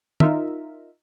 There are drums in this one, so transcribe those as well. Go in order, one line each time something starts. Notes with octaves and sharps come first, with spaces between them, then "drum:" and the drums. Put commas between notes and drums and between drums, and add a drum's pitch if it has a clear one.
D#4 F4 A#4 E5, drum: tom